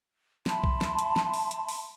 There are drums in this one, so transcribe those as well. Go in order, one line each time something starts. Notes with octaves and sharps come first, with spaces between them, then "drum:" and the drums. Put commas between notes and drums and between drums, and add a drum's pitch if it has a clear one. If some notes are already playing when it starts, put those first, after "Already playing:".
E5 A5 B5 C6, drum: snare
drum: kick
drum: snare
drum: hi-hat
drum: snare
drum: open hi-hat
drum: hi-hat
drum: open hi-hat